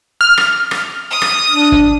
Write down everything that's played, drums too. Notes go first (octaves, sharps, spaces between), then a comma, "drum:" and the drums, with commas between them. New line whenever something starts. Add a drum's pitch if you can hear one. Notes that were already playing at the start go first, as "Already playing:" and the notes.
F6
drum: rim click
drum: rim click
D#6
drum: rim click
D4
drum: kick